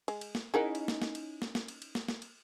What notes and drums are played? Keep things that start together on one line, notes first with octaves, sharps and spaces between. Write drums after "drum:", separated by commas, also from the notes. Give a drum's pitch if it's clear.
G#3, drum: cymbal
drum: cymbal
drum: snare
C#4 D#4 E4 G#4 A#4 F#5
drum: cymbal
drum: snare
drum: snare
drum: cymbal
drum: snare
drum: snare
drum: cymbal
drum: cymbal
drum: snare
drum: snare
drum: cymbal